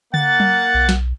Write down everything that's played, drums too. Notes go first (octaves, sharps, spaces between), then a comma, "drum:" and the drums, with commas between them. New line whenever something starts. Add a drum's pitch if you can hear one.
A#3 F#5 A6, drum: tom C#3
drum: tom F#3
B1
drum: snare